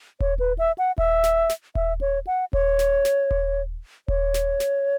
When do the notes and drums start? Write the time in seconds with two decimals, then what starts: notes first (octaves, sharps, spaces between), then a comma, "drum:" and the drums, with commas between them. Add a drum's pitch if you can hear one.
0.20 C#5, drum: kick D#1
0.39 B4
0.59 E5
0.78 F#5
0.98 E5, drum: kick D#1
1.24 drum: snare
1.49 drum: snare
1.75 E5, drum: kick D#1
2.01 C#5
2.27 F#5
2.53 C#5, drum: kick D#1
2.79 drum: snare
3.05 drum: snare
3.31 drum: kick D#1
4.08 C#5, drum: kick D#1
4.34 drum: snare
4.60 drum: snare